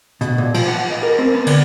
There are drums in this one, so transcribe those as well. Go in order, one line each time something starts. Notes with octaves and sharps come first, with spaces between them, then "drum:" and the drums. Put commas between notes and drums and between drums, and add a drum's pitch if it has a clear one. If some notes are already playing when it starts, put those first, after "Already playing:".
B2, drum: hi-hat
A#2
F3, drum: cymbal
F#5
D#5
A#4
C4
B3
D3, drum: cymbal